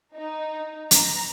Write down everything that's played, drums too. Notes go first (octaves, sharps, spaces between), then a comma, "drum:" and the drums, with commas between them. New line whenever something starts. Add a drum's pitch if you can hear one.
D#4
A#5, drum: hi-hat